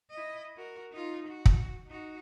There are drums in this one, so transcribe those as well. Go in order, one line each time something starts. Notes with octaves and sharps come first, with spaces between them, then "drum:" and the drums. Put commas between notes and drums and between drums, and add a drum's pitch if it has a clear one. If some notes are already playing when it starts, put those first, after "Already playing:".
E4 D#5
F#4 A#4
D#4 F4
F#4
drum: kick
D#4 F#4